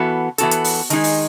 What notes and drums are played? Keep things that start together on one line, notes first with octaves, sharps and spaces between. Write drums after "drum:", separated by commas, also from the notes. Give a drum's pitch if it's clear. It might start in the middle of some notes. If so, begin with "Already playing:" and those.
Already playing: E3 B3 F#4 A4
E3 B3 F#4 A4, drum: hi-hat
drum: hi-hat
drum: open hi-hat
D#3 G#3 D#4 G#4, drum: hi-hat
drum: open hi-hat